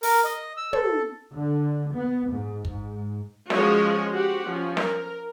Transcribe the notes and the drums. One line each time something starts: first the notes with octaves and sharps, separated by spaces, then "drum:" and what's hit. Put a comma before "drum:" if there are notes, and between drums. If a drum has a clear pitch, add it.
A#4, drum: open hi-hat
D#5
E6
A4, drum: tom
D3
B3
G#2
G#2, drum: kick
F3 G#3 C#4 F#4 C#5 D#5, drum: snare
F#4 G4 C5 F#5
F3 C#4
A#4, drum: snare